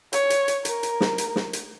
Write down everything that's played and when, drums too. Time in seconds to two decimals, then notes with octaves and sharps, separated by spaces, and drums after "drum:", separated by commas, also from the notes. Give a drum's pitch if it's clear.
0.13 C#5, drum: hi-hat
0.30 drum: hi-hat
0.48 drum: hi-hat
0.65 A#4, drum: hi-hat
0.83 drum: hi-hat
1.01 drum: snare
1.18 drum: hi-hat
1.36 drum: snare
1.53 drum: hi-hat